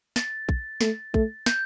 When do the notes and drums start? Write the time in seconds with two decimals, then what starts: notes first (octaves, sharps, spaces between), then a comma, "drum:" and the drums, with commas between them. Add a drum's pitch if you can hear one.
0.16 A6, drum: snare
0.49 drum: kick
0.81 A3, drum: snare
1.14 A3, drum: kick
1.46 G6, drum: snare